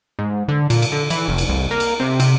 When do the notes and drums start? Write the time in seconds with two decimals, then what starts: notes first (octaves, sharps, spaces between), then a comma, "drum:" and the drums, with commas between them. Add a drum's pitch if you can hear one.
0.19 G#2
0.48 D3
0.70 A#2, drum: cymbal
0.82 drum: cymbal
0.92 D3
1.10 E3, drum: cymbal
1.28 F1
1.38 drum: cymbal
1.49 C2
1.71 A#3
1.80 drum: cymbal
2.00 C3
2.20 C3, drum: cymbal